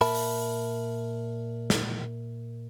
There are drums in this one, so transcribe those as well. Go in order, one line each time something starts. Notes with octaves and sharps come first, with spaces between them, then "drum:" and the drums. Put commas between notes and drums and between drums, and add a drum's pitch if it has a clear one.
A#2 A#4 E5 A5 B5, drum: open hi-hat
drum: open hi-hat
drum: snare